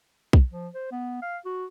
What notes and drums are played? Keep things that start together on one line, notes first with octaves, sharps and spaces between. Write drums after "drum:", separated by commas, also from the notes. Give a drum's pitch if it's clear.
drum: kick
F3
C5
B3
F5
F#4